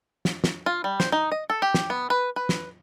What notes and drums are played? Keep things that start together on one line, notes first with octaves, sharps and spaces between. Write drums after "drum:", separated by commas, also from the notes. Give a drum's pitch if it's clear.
drum: snare
drum: snare
F4
G3
C5, drum: snare
D#4
D#5
A4
G4
drum: snare
B3
B4
B4
drum: snare